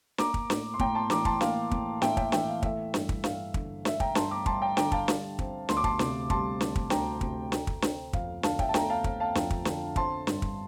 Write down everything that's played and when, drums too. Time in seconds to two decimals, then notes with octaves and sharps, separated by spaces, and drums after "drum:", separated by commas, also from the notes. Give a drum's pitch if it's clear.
0.18 A#3 A#5 D6, drum: snare
0.34 drum: kick
0.50 A2, drum: snare
0.74 C6
0.79 A2 G5 A#5, drum: kick
0.95 A5 C6
1.10 E3 A#5 D6, drum: snare
1.25 A5 C6, drum: kick
1.41 A#3 F5, drum: snare
1.71 A2, drum: kick
2.02 A2 E5 G5, drum: snare
2.17 E5 G5, drum: kick
2.32 E3 E5 G5, drum: snare
2.48 F5
2.63 A3 E5, drum: kick
2.94 G2, drum: snare
3.09 drum: kick
3.24 G2 F5, drum: snare
3.54 D3, drum: kick
3.85 A3 E5, drum: snare
4.00 G5 A#5, drum: kick
4.15 G2 A5 C6, drum: snare
4.31 A#5 D6
4.46 G2 A5 C6, drum: kick
4.62 G5 A#5
4.77 D3 G5 A#5, drum: snare
4.92 F5 A5, drum: kick
5.08 G3, drum: snare
5.39 C4, drum: kick
5.69 D2 C6, drum: snare
5.77 D6
5.84 A5 C6, drum: kick
5.99 C3, drum: snare
6.30 G3 A5 C6, drum: kick
6.61 C4, drum: snare
6.76 drum: kick
6.90 D2 G5 A#5, drum: snare
7.21 C3, drum: kick
7.52 A3, drum: snare
7.67 drum: kick
7.82 C4, drum: snare
8.13 F2 F5, drum: kick
8.43 D3 F5 A5, drum: snare
8.59 E5 G5, drum: kick
8.69 A5
8.74 A3 G5 A#5, drum: snare
8.90 F5 A5
9.04 C4 F5, drum: kick
9.20 F5 A5
9.35 F2, drum: snare
9.50 drum: kick
9.65 D3, drum: snare
9.96 C4 A5 C6, drum: kick
10.27 G2, drum: snare
10.42 drum: kick